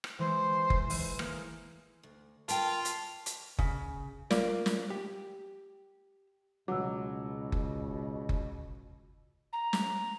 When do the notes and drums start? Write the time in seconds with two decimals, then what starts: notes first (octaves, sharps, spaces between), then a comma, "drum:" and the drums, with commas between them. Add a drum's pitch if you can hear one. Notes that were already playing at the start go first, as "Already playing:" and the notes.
0.04 drum: rim click
0.19 E3 G#3 C5
0.70 drum: kick F#1
0.90 E3, drum: open hi-hat
1.19 G#3 A#3, drum: rim click
2.03 D2
2.49 F4 A#4 G5 A5, drum: hi-hat
2.85 drum: hi-hat
3.26 drum: hi-hat
3.59 C#3, drum: kick F#1
4.31 A#3 F4 D5, drum: snare
4.66 drum: snare
4.90 G4
6.68 C#2 B2 F#3 D6 E6
7.52 drum: kick F#1
8.29 drum: kick F#1
9.53 A#5
9.73 drum: snare